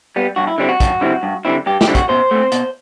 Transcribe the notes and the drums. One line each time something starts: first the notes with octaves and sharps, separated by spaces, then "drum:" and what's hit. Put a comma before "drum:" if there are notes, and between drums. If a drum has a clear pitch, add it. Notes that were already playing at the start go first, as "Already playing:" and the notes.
G3 B3
G2 F#4
E4
D3 G3 C4 E4
F#4
G2, drum: kick, hi-hat
D3 G3 C4 E4
G2
D3 G3 C4 E4
G2 G4
G4, drum: snare
D3 G3 C4 E4
F#4, drum: kick, hi-hat
B2 C5
A3 C4
B2, drum: hi-hat